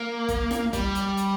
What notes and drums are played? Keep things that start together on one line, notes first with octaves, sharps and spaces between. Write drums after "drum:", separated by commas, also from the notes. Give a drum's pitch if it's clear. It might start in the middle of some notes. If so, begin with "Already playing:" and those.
Already playing: A#3
drum: kick F#1, hi-hat
drum: snare
G3, drum: kick F#1, hi-hat
drum: hi-hat
drum: hi-hat